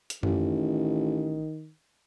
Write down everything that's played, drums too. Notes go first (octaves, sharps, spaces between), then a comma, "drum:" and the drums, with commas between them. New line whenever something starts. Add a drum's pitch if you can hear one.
drum: hi-hat
A1 D#3, drum: tom F#2